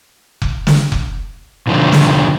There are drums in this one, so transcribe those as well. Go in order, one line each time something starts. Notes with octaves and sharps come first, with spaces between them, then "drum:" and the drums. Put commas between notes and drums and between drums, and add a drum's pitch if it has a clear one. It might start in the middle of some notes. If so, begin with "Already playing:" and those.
drum: kick F1
drum: snare
drum: kick F1
B2 D3 D#3 F3 A3
drum: snare